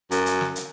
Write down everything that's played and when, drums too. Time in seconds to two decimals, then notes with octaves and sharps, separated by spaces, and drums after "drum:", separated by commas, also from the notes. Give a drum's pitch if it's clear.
0.11 F#2, drum: hi-hat
0.26 drum: hi-hat
0.41 drum: snare
0.56 drum: hi-hat